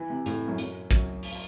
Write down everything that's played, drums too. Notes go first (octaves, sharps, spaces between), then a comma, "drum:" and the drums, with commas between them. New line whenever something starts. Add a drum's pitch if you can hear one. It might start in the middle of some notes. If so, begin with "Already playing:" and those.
Already playing: E3
C3
A2, drum: hi-hat
F#2
F#2, drum: hi-hat
F#2, drum: kick, hi-hat
drum: open hi-hat